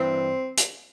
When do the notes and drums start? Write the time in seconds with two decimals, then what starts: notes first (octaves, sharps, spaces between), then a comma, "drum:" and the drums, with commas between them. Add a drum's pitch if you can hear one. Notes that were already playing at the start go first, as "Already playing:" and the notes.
Already playing: G2 E3 C4
0.57 drum: hi-hat